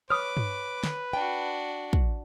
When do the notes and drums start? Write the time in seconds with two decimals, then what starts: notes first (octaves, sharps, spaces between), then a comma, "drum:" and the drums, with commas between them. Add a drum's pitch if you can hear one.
0.10 B4 C#5 D6 D#6 F6
0.37 drum: tom G2
0.84 drum: snare
1.13 D4 F#4 G5
1.93 drum: kick